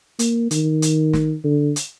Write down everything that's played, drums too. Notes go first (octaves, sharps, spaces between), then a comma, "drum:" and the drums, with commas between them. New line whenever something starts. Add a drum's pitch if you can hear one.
A#3, drum: hi-hat
D#3, drum: hi-hat
drum: hi-hat
drum: snare
D3
drum: hi-hat